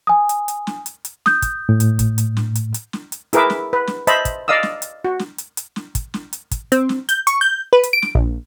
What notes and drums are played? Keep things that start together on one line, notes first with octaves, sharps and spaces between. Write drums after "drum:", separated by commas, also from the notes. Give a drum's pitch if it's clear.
G#5 D#6
drum: hi-hat
drum: hi-hat
drum: snare
drum: hi-hat
drum: hi-hat
D#6 G6, drum: snare
drum: kick, hi-hat
A2
drum: hi-hat
drum: kick, hi-hat
drum: hi-hat
drum: snare
drum: hi-hat
drum: hi-hat
drum: snare
drum: hi-hat
E4 G#4 A#4 B4 E5 D6, drum: hi-hat
drum: snare
B4
drum: snare
C5 D#5 E5 A5 B5, drum: hi-hat
drum: kick, hi-hat
D5 D#5 F5 D#6 E6
drum: snare
drum: hi-hat
F#4
drum: snare
drum: hi-hat
drum: hi-hat
drum: snare
drum: kick, hi-hat
drum: snare
drum: hi-hat
drum: kick, hi-hat
C4, drum: hi-hat
drum: snare
G6, drum: hi-hat
C#6, drum: hi-hat
G6
B4
drum: hi-hat
D7
drum: snare
A#1